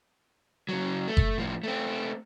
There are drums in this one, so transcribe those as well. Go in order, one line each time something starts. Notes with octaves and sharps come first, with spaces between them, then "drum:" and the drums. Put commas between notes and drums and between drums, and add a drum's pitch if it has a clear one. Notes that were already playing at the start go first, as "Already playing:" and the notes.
C#3 F#3
A3
drum: kick F#1
A2 F3
A3 C4